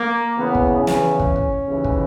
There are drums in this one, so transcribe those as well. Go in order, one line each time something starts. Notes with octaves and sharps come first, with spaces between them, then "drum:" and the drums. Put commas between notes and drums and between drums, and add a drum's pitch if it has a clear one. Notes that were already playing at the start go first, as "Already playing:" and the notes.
Already playing: A#3
E2 C#3 E3 B3
drum: kick
C#4
drum: snare
drum: kick
drum: kick
D#2 C#3 E3
drum: kick